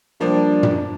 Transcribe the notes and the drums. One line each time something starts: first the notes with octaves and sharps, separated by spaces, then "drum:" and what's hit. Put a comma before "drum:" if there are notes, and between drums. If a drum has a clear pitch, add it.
F3 G3 A#3 D4
drum: tom